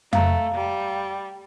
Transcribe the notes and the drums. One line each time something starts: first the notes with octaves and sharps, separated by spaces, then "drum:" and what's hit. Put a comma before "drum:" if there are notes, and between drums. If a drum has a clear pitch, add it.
A3 F5 A#5, drum: tom F2
G3